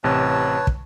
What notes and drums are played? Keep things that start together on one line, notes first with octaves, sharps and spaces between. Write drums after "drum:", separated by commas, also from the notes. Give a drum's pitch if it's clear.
A1 C3 B4 C#5 A5
drum: kick